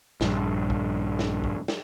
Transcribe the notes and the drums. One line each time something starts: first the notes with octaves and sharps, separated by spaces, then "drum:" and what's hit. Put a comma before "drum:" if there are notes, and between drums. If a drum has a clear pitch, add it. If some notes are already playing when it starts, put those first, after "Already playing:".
A#1 G2, drum: snare
drum: kick
drum: snare
drum: kick
drum: snare